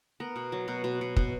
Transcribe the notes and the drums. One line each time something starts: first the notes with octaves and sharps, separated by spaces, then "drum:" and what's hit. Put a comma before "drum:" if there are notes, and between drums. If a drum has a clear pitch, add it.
B3 A#4
B2
F#3
B2
B2
B2
B2, drum: kick